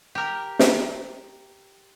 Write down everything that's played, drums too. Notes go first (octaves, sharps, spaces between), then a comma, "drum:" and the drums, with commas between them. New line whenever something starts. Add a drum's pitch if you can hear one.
G4 A#4
drum: snare